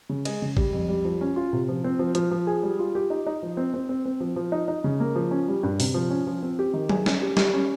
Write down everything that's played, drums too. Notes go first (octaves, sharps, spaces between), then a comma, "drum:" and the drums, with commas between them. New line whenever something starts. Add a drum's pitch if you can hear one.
C#3
G#3, drum: cymbal
C#3
G3, drum: kick
F2
G3
F3
C#4
F4
C3
F3
C4
F3
F3, drum: hi-hat
F3
G#4
G3
F4
G4
D#4
D#4
F3
C4
C4
C4
C4
F3
F3
D#4
D#4
C#3
A#3
F3
C#4
G3
G2
C3, drum: open hi-hat
F3
C#4
F3
C4
G4
D#3
G#4, drum: tom F#3
C#4, drum: snare
G4
G3, drum: snare
C#4